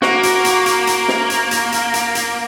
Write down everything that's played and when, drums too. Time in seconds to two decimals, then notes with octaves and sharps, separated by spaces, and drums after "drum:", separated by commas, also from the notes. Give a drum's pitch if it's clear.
0.02 A#3 F#4, drum: snare
0.23 drum: hi-hat
0.45 drum: hi-hat
0.66 drum: hi-hat
0.87 drum: hi-hat
1.08 drum: snare
1.30 drum: hi-hat
1.51 drum: hi-hat
1.72 drum: hi-hat
1.94 drum: hi-hat
2.15 drum: hi-hat